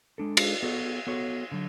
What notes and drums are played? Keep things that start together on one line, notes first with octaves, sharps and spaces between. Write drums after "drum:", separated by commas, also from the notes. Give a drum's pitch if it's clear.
G#3 D4 A4
drum: cymbal
B3 F#4 A4 C#5
B3 F#4 A4 C#5
D3 F#3